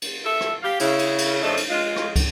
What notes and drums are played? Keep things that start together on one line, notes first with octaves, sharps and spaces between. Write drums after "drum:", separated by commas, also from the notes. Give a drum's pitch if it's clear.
drum: cymbal
A4 E5
drum: rim click
G4 F5
C#3 E4, drum: cymbal
drum: cymbal
drum: cymbal
F2 C#3 A3 D4 D#4 F4
drum: cymbal
G#3 F4
drum: rim click
drum: kick, cymbal